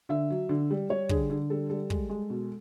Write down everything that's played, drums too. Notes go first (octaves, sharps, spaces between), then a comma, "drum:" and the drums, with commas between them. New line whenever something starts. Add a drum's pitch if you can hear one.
D3 E5
F#3
D3
G3
G3 C#5
D3 G#4, drum: kick
D3
G3 A4
G3 A4
G#3, drum: kick
G#3
B2